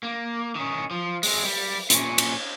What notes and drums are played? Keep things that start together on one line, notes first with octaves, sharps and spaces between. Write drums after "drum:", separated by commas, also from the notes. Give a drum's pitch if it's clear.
A#3
D#3 C#4
F3
G#3 C4, drum: open hi-hat
G3
A#2 C#4, drum: hi-hat
drum: cymbal